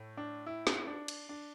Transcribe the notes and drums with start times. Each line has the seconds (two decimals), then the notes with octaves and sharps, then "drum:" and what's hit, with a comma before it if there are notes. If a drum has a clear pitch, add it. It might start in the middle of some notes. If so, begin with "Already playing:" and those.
Already playing: A2 A3
0.17 D4
0.46 E4
0.67 drum: snare
0.87 D4
1.08 drum: cymbal
1.29 D4